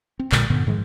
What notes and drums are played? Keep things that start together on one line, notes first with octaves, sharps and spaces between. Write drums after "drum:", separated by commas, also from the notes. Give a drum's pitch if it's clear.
C4
A#1 A#2 D3 G#3, drum: clap
G2 A#2 D3 B3
G#2 D#3 F3 G#3